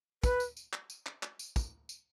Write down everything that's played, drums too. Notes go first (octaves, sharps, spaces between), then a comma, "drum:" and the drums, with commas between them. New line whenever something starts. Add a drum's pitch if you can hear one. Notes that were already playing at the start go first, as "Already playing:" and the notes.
B4, drum: kick, tambourine
drum: tambourine
drum: tambourine
drum: clap
drum: tambourine
drum: clap
drum: clap
drum: tambourine
drum: kick, tambourine
drum: tambourine